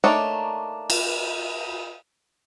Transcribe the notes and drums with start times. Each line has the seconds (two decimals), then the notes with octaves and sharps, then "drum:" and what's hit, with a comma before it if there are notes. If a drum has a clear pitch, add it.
0.04 A3 A#3 D4 D#4 C#5
0.90 drum: cymbal